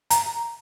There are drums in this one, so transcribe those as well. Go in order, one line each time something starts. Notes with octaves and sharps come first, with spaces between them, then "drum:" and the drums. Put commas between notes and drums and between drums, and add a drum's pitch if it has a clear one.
A#5, drum: hi-hat